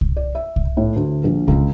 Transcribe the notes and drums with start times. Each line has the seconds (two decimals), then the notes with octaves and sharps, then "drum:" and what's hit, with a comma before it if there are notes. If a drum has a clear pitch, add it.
0.01 drum: kick C2
0.17 D5
0.35 E5
0.56 drum: kick C2
0.77 A2
0.96 D2
1.24 A#1
1.48 C#2, drum: kick C2